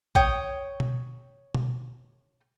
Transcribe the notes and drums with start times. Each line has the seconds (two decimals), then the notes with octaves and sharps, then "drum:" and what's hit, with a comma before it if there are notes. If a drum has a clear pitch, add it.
0.15 C#5 G5 D#6, drum: kick
0.80 drum: tom B2
1.55 drum: tom B2